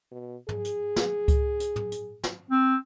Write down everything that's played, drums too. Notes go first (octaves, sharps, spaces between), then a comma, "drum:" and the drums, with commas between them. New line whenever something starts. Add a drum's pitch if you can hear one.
B2
G#4, drum: tom
drum: hi-hat
drum: snare
drum: kick C#2, hi-hat
drum: hi-hat
drum: tom
drum: hi-hat
drum: snare
C4